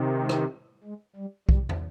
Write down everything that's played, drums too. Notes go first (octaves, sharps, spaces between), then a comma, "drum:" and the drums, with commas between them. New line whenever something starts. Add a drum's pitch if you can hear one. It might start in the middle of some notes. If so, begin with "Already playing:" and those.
Already playing: C3 D#3
G#3
drum: rim click
G#3
G3
G3, drum: kick B1
drum: tom